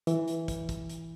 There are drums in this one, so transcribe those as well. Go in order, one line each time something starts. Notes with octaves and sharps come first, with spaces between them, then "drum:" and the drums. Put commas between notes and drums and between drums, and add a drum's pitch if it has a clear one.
E3, drum: hi-hat
drum: hi-hat
drum: kick, hi-hat
drum: kick, hi-hat
drum: hi-hat